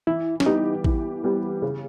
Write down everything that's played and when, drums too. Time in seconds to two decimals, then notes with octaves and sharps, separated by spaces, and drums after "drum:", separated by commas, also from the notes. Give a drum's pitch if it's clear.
0.07 E3 E4
0.40 C#4, drum: snare
0.46 G3 B3 D#4 G4
0.84 E3, drum: kick A1
1.24 G3 B3 G4
1.62 C#3